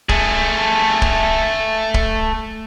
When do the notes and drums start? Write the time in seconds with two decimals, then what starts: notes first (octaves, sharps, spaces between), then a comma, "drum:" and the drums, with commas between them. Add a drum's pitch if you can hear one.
0.09 A3 G#4, drum: kick
1.02 drum: kick
1.94 drum: kick